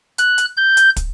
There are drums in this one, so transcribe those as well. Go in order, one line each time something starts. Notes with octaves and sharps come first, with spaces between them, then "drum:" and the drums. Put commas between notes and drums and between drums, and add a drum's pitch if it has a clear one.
F#6, drum: hi-hat
drum: hi-hat
G6
drum: hi-hat
drum: kick, hi-hat